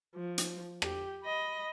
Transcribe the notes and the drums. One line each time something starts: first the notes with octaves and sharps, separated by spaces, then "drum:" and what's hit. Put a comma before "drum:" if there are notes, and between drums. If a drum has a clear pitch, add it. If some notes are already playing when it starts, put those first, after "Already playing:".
F3
drum: hi-hat
G4, drum: rim click
D#5 B5